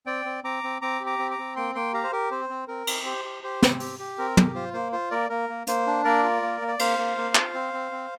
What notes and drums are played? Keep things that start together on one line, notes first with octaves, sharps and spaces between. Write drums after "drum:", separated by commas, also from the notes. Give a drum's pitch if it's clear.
C4 D5 G5
C4
C4 A#5 D6
C4
C4 A#5 D6
G4
A#5 D6
C4
A#5 D6
C4
A#3 G5 C6
A#3 G5 C6
G4 F5 A#5
C5
G4 A#4
C4 C5
C4
C4 A#4
C4, drum: cymbal
G4 C5
G4
G4 C5
C4, drum: snare
G4, drum: open hi-hat
G4
C4 A#4
G4, drum: tom
F4 C5
A#3 C5
F4 C5
A#3 A#4 D5
A#3 A#4
A#3
A#3 C5, drum: hi-hat
D4
A#3 A#4 D5
F4
A#3
A#3
D5
A#3 C5 F5, drum: cymbal
A#3
A#3
F4, drum: clap
C4
C4
C4